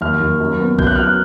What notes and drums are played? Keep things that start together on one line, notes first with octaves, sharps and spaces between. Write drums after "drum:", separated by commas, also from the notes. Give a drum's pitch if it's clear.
D#2 F6
D#2
F#2
B3
F#2 G6, drum: kick
F#6
F#3 F6
F#6